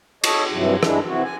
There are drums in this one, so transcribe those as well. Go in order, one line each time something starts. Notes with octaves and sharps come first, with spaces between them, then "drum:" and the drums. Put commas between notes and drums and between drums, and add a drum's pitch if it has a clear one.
A4 C#5 D#5, drum: cymbal
G2 C3 E3 F#3
G2 G#3 D4 E4, drum: rim click
C3 E3 F#4
G#5